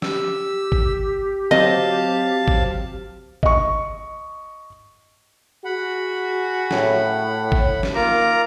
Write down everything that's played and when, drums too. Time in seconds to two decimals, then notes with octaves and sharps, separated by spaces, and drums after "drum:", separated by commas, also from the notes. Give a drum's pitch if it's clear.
0.02 G4 E6, drum: snare
0.72 drum: kick
1.51 F#3 C4 D#5 F5 A5, drum: tom D3
2.48 drum: kick
3.43 D#5 C#6, drum: kick
5.65 F#4 G#4 F#5 B5
6.71 A2, drum: snare
7.52 drum: kick
7.83 drum: snare
7.95 D#3 A#3 F4 A#4 A#5 D6